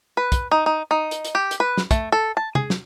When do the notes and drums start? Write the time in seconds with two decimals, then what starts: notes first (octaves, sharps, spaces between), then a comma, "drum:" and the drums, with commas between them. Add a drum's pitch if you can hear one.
0.17 B4
0.32 drum: kick, hi-hat
0.51 D#4
0.66 D#4
0.91 D#4
1.11 drum: hi-hat
1.25 drum: hi-hat
1.35 G4
1.51 drum: hi-hat
1.60 B4
1.77 drum: snare
1.91 A3, drum: kick, hi-hat
2.12 A4
2.37 A5
2.55 G#4, drum: tom
2.70 drum: snare